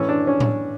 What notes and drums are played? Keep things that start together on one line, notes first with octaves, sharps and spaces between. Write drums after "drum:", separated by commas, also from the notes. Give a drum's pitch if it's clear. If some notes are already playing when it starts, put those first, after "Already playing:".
Already playing: A2 E3 C#4
D4
C#4
drum: tom A2